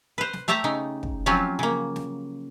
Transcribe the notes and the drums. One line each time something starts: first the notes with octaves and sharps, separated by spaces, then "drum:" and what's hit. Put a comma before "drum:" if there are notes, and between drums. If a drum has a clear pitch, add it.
B4 C5
drum: snare
A3 G4 E5 A5 A#5
C#3 D#4
drum: kick
F3 F#3 C4 C#4 F4 G4
C#3 A#3
drum: snare